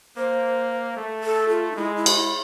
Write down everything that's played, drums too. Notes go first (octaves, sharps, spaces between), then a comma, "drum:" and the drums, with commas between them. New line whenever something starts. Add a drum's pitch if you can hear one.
A#3 C5
A3
A4
F4
D#4
G#3 E4
E4
drum: cymbal
E4